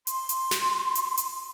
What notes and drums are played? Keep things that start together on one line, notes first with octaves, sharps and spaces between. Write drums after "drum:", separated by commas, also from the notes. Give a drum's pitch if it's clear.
C6, drum: hi-hat
drum: hi-hat
drum: snare
drum: hi-hat
drum: hi-hat